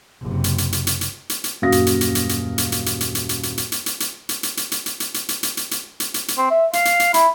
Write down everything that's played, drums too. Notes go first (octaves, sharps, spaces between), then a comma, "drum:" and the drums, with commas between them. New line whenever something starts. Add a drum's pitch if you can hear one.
F#1 C3
drum: hi-hat
drum: hi-hat
drum: hi-hat
drum: hi-hat
drum: hi-hat
drum: hi-hat
drum: hi-hat
D#1 F#2 F#4 F5 D#6 A#6
drum: hi-hat
drum: hi-hat
drum: hi-hat
drum: hi-hat
drum: hi-hat
drum: hi-hat
drum: hi-hat
drum: hi-hat
drum: hi-hat
drum: hi-hat
drum: hi-hat
drum: hi-hat
drum: hi-hat
drum: hi-hat
drum: hi-hat
drum: hi-hat
drum: hi-hat
drum: hi-hat
drum: hi-hat
drum: hi-hat
drum: hi-hat
drum: hi-hat
drum: hi-hat
drum: hi-hat
drum: hi-hat
drum: hi-hat
drum: hi-hat
drum: hi-hat
drum: hi-hat
drum: hi-hat
C4
E5
F5, drum: hi-hat
drum: hi-hat
drum: hi-hat
E4, drum: hi-hat